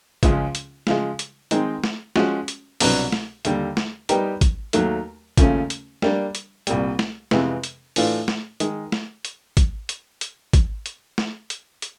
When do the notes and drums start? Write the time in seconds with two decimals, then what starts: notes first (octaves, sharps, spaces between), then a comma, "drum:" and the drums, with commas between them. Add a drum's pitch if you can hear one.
0.23 C#2 C#3 F3 G#3 C#4, drum: kick, hi-hat
0.55 drum: hi-hat
0.87 C#3 F3 G#3, drum: snare
1.19 drum: hi-hat
1.51 D#3 G#3 C4 D#4, drum: hi-hat
1.84 drum: snare
2.16 F3 G#3 C#4 F#4, drum: snare
2.48 drum: hi-hat
2.80 C2 B2 F#3 B3 D4, drum: open hi-hat
3.12 drum: snare
3.45 D#2 D3 G3, drum: hi-hat
3.77 drum: snare
4.09 G3 B3 D#4 G4 A#4, drum: hi-hat
4.41 drum: kick, hi-hat
4.73 D#2 D#3 F#3 A3, drum: hi-hat
5.37 D#2 C#3 F3 A3 C#4, drum: kick, hi-hat
5.70 drum: hi-hat
6.02 G3 A#3 D4, drum: snare
6.35 drum: hi-hat
6.67 C2 A#2 G3, drum: hi-hat
6.99 drum: snare
7.31 F2 C3 E3 G#3 B3, drum: snare
7.64 drum: hi-hat
7.96 A2 E3 A3 D4 F4, drum: open hi-hat
8.28 drum: snare
8.60 D#3 G#3, drum: hi-hat
8.92 drum: snare
9.25 drum: hi-hat
9.57 drum: kick, hi-hat
9.89 drum: hi-hat
10.21 drum: hi-hat
10.53 drum: kick, hi-hat
10.86 drum: hi-hat
11.18 drum: snare
11.50 drum: hi-hat
11.82 drum: hi-hat